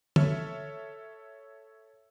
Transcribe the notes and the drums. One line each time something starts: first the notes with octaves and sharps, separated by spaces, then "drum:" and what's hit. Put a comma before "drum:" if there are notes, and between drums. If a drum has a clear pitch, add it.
A4 C#5 E5 F6, drum: tom